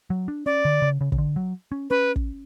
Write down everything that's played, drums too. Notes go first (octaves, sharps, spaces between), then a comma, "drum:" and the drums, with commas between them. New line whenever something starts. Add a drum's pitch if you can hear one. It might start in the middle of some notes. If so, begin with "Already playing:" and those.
F#3
D4
C#4 D5
D3
C#3
C#3
C#3, drum: kick
D3
F#3
C#4
C#4 B4
drum: kick